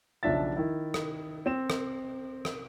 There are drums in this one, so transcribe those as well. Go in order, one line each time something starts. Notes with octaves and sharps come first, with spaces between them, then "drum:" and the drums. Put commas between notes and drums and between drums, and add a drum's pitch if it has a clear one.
B1 C#3 F3 D4 E5 A6
D#3 E4
drum: rim click
C4 E7
drum: rim click
drum: rim click